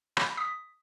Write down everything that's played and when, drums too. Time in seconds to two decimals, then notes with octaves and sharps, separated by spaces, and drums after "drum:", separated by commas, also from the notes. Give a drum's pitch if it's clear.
0.17 B5, drum: rim click
0.37 D#6 B6